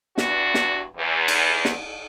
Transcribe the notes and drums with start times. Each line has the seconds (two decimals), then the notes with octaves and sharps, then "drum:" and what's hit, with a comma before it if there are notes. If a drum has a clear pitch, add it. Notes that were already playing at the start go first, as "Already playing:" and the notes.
0.18 E2 G2 D4 F#4, drum: snare
0.54 drum: snare
0.97 E2
1.28 drum: cymbal
1.65 drum: snare